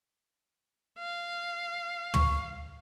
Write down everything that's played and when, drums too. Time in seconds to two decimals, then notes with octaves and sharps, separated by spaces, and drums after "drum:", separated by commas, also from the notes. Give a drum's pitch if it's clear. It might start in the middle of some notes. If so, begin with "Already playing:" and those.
0.98 F5
2.14 C#6, drum: tom